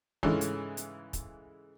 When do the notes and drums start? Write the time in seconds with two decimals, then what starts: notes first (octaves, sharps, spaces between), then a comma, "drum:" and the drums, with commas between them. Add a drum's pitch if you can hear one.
0.23 G#2 C#3 E3 G#3 A3 C#4, drum: kick
0.41 drum: hi-hat
0.77 drum: hi-hat
1.13 drum: kick, hi-hat